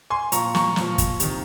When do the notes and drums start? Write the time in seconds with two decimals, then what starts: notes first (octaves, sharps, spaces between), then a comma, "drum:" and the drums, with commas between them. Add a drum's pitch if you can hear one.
0.10 G#5 C6
0.32 A#2 F3 A#5 C#6, drum: hi-hat
0.55 A#5 C#6, drum: snare
0.76 A#2 F3, drum: snare
0.98 drum: kick, hi-hat
1.20 C3 D#3, drum: hi-hat